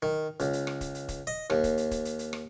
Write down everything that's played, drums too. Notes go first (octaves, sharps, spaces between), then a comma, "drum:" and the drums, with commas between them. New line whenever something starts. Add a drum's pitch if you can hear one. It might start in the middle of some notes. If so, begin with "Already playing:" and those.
D#3
C#2, drum: hi-hat
drum: hi-hat
drum: rim click
drum: kick E1, hi-hat
drum: hi-hat
drum: kick E1, hi-hat
D#5
D#2, drum: rim click
drum: kick E1, hi-hat
drum: hi-hat
drum: kick E1, hi-hat
drum: hi-hat
drum: hi-hat
drum: rim click